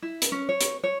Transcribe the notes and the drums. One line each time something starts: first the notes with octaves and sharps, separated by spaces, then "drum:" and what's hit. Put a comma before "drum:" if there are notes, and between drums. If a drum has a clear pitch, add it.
E4
drum: hi-hat
C#4
C#5
drum: hi-hat
C#5